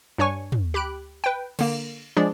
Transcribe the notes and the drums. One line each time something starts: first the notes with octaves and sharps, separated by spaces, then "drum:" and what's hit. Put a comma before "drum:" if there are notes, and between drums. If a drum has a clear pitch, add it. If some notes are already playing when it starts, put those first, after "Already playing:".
G2 D4 C#5 G#5 C#6
drum: tom
G4 B5 F#6 D7
B4 G5
D3 A#3, drum: cymbal
F3 G#3 D4 G#4 D5